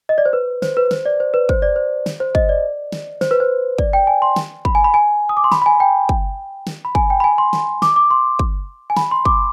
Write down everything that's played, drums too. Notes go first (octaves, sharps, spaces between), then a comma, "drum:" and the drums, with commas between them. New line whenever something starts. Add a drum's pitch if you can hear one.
D#5
D5
C5
B4
C5, drum: snare
B4
C5, drum: snare
D5
C5
B4
C5, drum: kick
D5
C5
drum: snare
C5
D#5, drum: kick
D5
drum: snare
C5, drum: snare
B4
C5
D5, drum: kick
G5
G#5
C6
drum: snare
B5, drum: kick
G#5
B5
G#5
D#6
D6
C6
B5, drum: snare
B5
G#5
G5
drum: kick
drum: snare
B5
G#5, drum: kick
G5
B5
G#5
C6
drum: snare
D6, drum: snare
D6
C6
drum: kick
G#5
B5, drum: snare
C6
D6, drum: kick